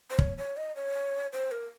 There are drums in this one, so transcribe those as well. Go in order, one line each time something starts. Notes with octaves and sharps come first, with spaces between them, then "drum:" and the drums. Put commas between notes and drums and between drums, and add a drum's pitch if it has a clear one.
C5
C#5, drum: kick
C#5
D#5
C#5
C5
A#4